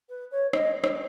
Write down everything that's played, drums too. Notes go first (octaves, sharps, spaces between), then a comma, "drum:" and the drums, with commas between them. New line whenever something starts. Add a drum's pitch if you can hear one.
B4
C#5
D#5, drum: rim click
drum: rim click